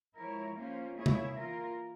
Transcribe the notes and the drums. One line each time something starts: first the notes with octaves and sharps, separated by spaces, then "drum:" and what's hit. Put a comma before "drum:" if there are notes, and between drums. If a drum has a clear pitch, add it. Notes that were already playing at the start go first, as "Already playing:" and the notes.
F3 G#3 E4 A#4 C#5
A#3 C#4 F4 C5
A#3 E4 G#4 C#5 E5
drum: tom C3
E3 A#3 F4 A#4